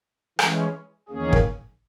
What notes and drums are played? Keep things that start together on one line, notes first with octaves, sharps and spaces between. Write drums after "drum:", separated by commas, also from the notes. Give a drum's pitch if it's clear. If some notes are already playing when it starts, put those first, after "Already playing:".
E3 G#3 C#4, drum: rim click
E2 D#3 A#3 C#4 G#4
drum: kick